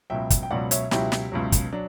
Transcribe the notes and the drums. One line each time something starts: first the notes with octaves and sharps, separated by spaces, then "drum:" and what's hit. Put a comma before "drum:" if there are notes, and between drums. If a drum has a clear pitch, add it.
C#2 B2 F#3 E5 G5
drum: kick, hi-hat
G5
C#2 B2 F#3 D5 F#5
C#5 E5, drum: hi-hat
C#2 B2 F#3 E4 G4, drum: snare
drum: snare
C#2 B2 F#3
drum: kick, hi-hat
F#3 D4